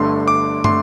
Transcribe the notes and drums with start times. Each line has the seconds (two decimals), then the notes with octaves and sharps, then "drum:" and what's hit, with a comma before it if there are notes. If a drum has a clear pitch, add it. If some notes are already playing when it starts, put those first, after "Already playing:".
Already playing: G1 G2 D3 A3 D4 C6
0.28 D6
0.64 D3 A3 D4 C6, drum: tom